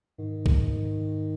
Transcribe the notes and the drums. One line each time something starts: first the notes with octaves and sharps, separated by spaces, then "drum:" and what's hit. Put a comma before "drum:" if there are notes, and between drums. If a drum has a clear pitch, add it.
G#2 D#3
G#2, drum: kick